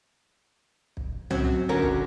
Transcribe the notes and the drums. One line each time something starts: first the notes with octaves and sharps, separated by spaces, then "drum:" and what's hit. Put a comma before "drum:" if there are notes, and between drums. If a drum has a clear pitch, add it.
drum: kick
F#3 C4 C#4, drum: tom
D3 C#4 F#4 A#4
drum: kick